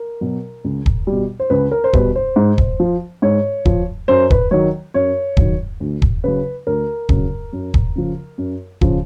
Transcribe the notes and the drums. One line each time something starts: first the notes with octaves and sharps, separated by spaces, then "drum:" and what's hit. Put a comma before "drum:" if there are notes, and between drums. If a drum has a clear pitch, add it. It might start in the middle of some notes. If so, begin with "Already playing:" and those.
Already playing: A#4
B2 F#3
C#2
drum: kick
G3
B2
C5
C#2 B4
A#4
C5
B2 G3 B4, drum: kick
C5
G#2
drum: kick
F3
G#2 C#5
F3, drum: kick
F#2 C5
B4, drum: kick
D#3 F#3 C#5
F#2 C#5
D#3 F#3, drum: kick
D2
drum: kick
C#3 F#3 B4
D2 A#4
C#3 F#3, drum: kick
F#2
drum: kick
C#3 F3
F#2
C#3 F3, drum: kick